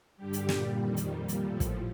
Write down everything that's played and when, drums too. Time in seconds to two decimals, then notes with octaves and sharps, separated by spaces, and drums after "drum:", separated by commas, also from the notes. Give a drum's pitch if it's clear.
0.17 G2 D3 G3 G4
0.33 drum: hi-hat
0.49 A#2 G3, drum: snare
0.80 F2 D#3 G3
0.97 drum: hi-hat
1.13 A#2 G3
1.28 drum: hi-hat
1.44 A2 F3 A4
1.60 drum: kick, hi-hat